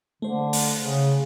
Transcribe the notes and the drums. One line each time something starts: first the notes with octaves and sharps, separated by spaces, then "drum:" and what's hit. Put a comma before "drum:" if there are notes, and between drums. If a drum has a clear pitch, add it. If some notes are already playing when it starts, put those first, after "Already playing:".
D3 A3 C5
drum: open hi-hat
C#3